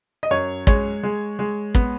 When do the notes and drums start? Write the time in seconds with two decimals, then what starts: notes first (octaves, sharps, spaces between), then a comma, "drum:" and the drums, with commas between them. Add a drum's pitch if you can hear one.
0.23 D#5
0.31 F#2 C#5
0.67 G#3 C#5, drum: kick
1.03 G#3
1.39 G#3
1.75 B3, drum: kick